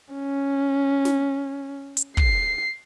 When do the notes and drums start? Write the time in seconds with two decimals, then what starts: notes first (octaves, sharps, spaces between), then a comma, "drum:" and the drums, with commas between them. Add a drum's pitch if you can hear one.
0.14 C#4
1.05 drum: snare
1.97 drum: hi-hat
2.17 C7, drum: kick